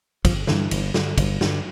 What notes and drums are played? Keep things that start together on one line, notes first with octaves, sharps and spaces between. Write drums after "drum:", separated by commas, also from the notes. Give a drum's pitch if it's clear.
G1 F3, drum: kick, cymbal
G2 D3 E3, drum: snare
G1, drum: cymbal
G2 D3, drum: snare
G1, drum: kick, cymbal
G2 D3, drum: snare